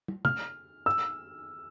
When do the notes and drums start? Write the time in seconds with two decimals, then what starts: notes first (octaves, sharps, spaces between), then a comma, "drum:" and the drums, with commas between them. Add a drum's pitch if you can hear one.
0.08 drum: tom
0.25 F6, drum: tom
0.86 E6